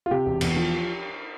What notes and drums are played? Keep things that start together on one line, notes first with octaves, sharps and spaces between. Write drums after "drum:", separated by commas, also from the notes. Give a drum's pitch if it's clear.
F4
C3 G4
E1
E2, drum: cymbal
F3